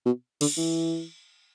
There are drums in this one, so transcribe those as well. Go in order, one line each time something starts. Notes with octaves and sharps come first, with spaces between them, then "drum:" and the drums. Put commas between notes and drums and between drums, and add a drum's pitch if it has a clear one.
B2
D3, drum: cymbal
E3